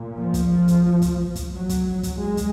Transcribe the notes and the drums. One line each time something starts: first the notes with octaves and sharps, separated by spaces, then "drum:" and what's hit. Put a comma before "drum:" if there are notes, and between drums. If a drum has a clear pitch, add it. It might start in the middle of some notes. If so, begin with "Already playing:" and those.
Already playing: A#2
F3
drum: kick, hi-hat
drum: kick, hi-hat
drum: kick, hi-hat
drum: kick, hi-hat
F#3
drum: kick, hi-hat
drum: kick, hi-hat
A2 G#3
drum: kick, hi-hat